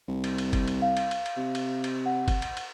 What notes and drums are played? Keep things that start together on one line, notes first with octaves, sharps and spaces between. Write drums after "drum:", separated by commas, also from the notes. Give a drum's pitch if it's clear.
C2
drum: cymbal
drum: cymbal
drum: kick, cymbal
drum: cymbal
F5
drum: cymbal
drum: cymbal
drum: cymbal
C3
drum: cymbal
drum: cymbal
F#5
drum: kick, cymbal
drum: cymbal
drum: cymbal